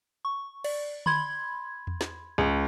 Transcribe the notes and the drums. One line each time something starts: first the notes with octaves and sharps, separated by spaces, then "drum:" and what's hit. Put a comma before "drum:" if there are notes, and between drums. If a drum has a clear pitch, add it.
C#6
D5, drum: cymbal
B5 C6 G#6, drum: tom D3
drum: tom E2
drum: snare
C#2